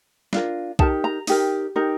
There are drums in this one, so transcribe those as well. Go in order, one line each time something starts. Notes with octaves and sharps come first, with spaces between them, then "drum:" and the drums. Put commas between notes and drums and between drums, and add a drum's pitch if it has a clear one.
D4 F4 A#4, drum: snare
D#4 G4 A#4 A5, drum: kick B1
A#5
D#4 G4 A#4, drum: open hi-hat
D#4 G4 A#4